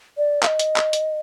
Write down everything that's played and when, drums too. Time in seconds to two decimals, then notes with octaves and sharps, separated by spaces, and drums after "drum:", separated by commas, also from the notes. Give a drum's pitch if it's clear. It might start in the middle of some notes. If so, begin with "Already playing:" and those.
0.18 D5
0.43 F5, drum: clap
0.47 D#5
0.59 drum: hi-hat
0.76 drum: clap
0.93 drum: hi-hat